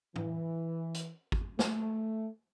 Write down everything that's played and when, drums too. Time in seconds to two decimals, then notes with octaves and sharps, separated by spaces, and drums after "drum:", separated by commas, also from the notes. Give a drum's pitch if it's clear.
0.16 E3, drum: tom
0.94 drum: hi-hat
1.32 drum: kick G#1
1.59 A3, drum: snare